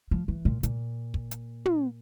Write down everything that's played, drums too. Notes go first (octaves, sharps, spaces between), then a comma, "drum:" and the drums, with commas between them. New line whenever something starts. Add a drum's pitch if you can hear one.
F3
E3
A#2
A#2, drum: hi-hat
drum: kick
drum: hi-hat
drum: tom